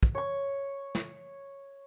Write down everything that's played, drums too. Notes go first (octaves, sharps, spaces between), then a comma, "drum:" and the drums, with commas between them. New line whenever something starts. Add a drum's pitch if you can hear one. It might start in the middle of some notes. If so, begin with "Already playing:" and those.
drum: kick
C#5 C#6
drum: snare